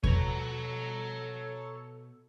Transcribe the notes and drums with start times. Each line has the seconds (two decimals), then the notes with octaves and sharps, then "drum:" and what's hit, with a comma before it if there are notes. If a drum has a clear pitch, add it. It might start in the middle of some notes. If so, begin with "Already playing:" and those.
0.04 B2 A4 C#5 A#5, drum: kick E2